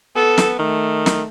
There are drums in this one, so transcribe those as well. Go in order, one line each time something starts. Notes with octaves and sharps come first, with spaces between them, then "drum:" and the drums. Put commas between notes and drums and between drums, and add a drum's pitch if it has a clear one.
B3 A4
drum: snare
D#3 A3
drum: snare